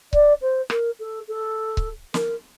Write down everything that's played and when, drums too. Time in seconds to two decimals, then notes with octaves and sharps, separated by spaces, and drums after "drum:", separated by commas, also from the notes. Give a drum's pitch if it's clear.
0.13 D5, drum: kick C#1
0.41 C5
0.70 A#4, drum: rim click
0.99 A4
1.28 A4
1.77 drum: kick C#1
2.14 A#4, drum: snare